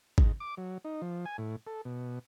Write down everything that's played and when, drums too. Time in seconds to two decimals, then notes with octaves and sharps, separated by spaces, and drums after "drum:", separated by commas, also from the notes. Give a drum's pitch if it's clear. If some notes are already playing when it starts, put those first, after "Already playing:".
0.18 G#2, drum: kick G#1
0.40 D6
0.57 F#3
0.85 D#4
1.02 F3
1.25 G#5
1.38 A2
1.67 A4
1.85 B2